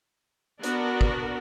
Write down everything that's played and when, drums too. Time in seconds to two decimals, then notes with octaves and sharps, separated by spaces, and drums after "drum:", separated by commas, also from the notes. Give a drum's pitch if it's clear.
0.63 B3 D4 F#4 A#4, drum: hi-hat
1.01 drum: kick